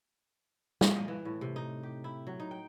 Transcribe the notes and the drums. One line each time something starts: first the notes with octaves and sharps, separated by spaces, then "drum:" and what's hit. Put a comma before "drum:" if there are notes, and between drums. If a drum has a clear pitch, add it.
F3, drum: snare
D#5
E3
A2
C3
D#4
G4
E4
F#3
D#4
G5